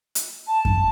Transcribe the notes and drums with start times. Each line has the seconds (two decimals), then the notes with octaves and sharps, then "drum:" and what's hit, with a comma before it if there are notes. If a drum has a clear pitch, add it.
0.15 drum: hi-hat
0.47 A5
0.65 drum: kick F#2